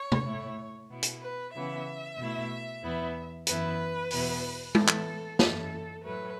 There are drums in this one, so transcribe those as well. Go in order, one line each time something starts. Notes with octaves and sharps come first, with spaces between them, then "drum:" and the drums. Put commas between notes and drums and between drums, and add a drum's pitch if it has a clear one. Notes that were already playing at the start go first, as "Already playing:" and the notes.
Already playing: C#5
drum: tom C3
A2 A3 E4
B2 B3 E4
drum: hi-hat
B4
C#3 E3 B3 E5
B2 A3 E4
E2 E3 B3 E4
F#2 E3 B3 E4 B4, drum: hi-hat
E2 B2 B3 E4, drum: open hi-hat
A2 E3 B3 E4 A4, drum: tom G#3
drum: clap
F#2 E3 C#4 E4 A4, drum: snare
A2 F#3 A3 B4